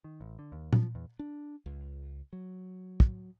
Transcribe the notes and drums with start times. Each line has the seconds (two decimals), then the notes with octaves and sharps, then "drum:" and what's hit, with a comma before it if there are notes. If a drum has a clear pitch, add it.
0.04 D#3
0.21 A1
0.39 D3
0.52 D#2
0.73 F3, drum: tom A#2
0.95 E2
1.19 D4
1.66 C#2
2.33 F#3
3.00 drum: kick